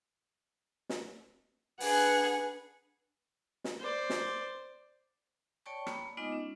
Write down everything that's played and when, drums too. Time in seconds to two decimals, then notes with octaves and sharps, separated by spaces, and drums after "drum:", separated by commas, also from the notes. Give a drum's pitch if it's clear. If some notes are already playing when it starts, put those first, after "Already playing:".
0.89 drum: snare
1.80 D4 G#4 B4 F#5, drum: open hi-hat
3.64 drum: snare
3.79 C5 D5
4.10 drum: snare
5.66 C#5 D5 G5 A5 C#6
5.87 A#3 B5, drum: rim click
6.17 G#3 B3 D#4 F4 D#5 D6
6.32 C#4